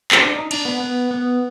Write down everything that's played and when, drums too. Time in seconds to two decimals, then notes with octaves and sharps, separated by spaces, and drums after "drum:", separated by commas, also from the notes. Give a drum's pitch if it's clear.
0.12 C4, drum: clap
0.21 D4
0.36 D#4
0.51 D4, drum: cymbal
0.65 B3
0.80 B3
1.11 B3